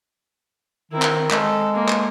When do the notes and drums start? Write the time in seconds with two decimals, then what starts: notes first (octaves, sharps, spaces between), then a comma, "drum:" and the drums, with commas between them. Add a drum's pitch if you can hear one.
0.92 D#3 C4 E4
1.02 drum: clap
1.31 G#3 A4, drum: clap
1.74 A#3
1.88 drum: clap